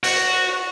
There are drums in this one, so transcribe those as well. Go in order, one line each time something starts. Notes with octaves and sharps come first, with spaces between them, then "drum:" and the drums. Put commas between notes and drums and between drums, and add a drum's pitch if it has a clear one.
F#4, drum: open hi-hat